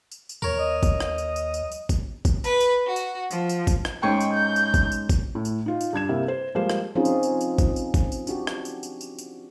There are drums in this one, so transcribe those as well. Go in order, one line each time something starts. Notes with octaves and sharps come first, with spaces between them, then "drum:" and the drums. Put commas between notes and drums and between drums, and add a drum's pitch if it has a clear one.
drum: tambourine
drum: tambourine
D#2 A#4 C#5
D#5
drum: kick, tambourine
drum: rim click
drum: tambourine
drum: tambourine
drum: tambourine
drum: tambourine
drum: kick, tambourine
drum: kick, tambourine
B4, drum: tambourine
drum: tambourine
F#4
drum: tambourine
F3, drum: tambourine
drum: tambourine
drum: kick, tambourine
drum: rim click
G#2 C#4 G5 C#6
drum: tambourine
G6
drum: tambourine
drum: kick, tambourine
drum: tambourine
drum: kick, tambourine
A2
drum: tambourine
D#4 F4
drum: tambourine
G2 D4 G#6 E7
C3 A#3 E4
C5
F3 G3 G#3 A#3 C5
drum: rim click
F3 C4 C#4 D#4 F4 G#4
drum: tambourine
drum: tambourine
drum: tambourine
drum: kick, tambourine
drum: tambourine
drum: kick, tambourine
drum: tambourine
D4 F#4 G4, drum: tambourine
drum: rim click
drum: tambourine
drum: tambourine
drum: tambourine
drum: tambourine